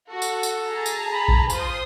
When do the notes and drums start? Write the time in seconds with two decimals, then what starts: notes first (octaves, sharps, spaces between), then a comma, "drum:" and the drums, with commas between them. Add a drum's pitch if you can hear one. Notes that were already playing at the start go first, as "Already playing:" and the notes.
0.10 F#4 A4
0.22 drum: tambourine
0.43 drum: tambourine
0.70 G#4 A5 A#5
0.86 drum: tambourine
1.13 B5
1.28 drum: kick A#1
1.50 F4 C5 C6 D#6, drum: tambourine